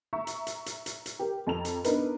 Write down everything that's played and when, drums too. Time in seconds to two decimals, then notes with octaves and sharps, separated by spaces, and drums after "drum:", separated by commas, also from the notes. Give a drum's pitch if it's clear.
0.13 E5 A#5 C#6
0.27 drum: hi-hat
0.47 drum: hi-hat
0.66 drum: hi-hat
0.86 drum: hi-hat
1.06 drum: hi-hat
1.19 G4 A#4
1.47 F2 A5 A#5 F7
1.65 drum: hi-hat
1.84 B3 D4 D#4 A#4 B4, drum: hi-hat